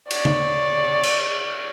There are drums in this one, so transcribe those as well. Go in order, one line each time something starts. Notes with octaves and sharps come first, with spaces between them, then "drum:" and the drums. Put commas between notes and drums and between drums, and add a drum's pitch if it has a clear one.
C#5 D5, drum: cymbal
drum: tom C#3
drum: cymbal